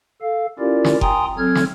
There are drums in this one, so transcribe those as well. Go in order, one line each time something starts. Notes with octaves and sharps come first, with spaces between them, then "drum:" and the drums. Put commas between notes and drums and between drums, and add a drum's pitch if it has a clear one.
A4 F5
C#4 E4 F4 G4 A#4 D5
drum: snare
G5 G#5 A#5 C6 D#6, drum: kick F1
F#3 C4 A4 F6 G#6
drum: snare